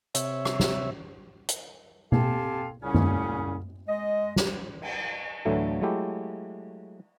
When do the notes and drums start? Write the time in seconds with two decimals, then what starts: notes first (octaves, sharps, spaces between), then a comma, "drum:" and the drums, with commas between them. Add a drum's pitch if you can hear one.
0.15 C3 C#5 E5, drum: hi-hat
0.45 drum: rim click
0.60 drum: snare
1.49 drum: hi-hat
2.12 C4 G4 A4 F5 G#5 A5, drum: tom B2
2.82 C2 A#2 C#3 C#4
2.95 drum: tom F#2
3.88 G#3 D#5
4.36 drum: snare
4.82 drum: cymbal
5.45 D2 A2 D3 E3 F#3 A3
5.81 F#3 G#3 A3 E4 G4